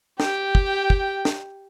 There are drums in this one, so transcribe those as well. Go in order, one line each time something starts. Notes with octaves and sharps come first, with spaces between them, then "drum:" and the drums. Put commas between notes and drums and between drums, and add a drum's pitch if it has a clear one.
G4 G5, drum: snare
drum: kick
drum: kick
drum: snare